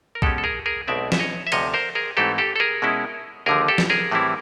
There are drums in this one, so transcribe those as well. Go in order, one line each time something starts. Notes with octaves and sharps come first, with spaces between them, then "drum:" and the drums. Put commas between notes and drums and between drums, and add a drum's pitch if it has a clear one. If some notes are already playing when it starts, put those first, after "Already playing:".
A#4
B2 G#3 C#4 G4 A4, drum: kick
A4
G#4 A#4
G#4 A#4
B1 B2 G#3 C4 D5 E5
E5, drum: snare
C#5 D#5
E5
D2 C3 F3 C#5 D#5, drum: cymbal
A#4 C5
G#4 A#4
G#2 E3 A3 C4 G4 A4
G4 A4
A4
G#4 A#4
B2 G#3 C#4 E4
D#2 D3 F3 G#4 A#4
G4 A4
drum: snare
G#4 A#4
A2 E3 G3 C4 E4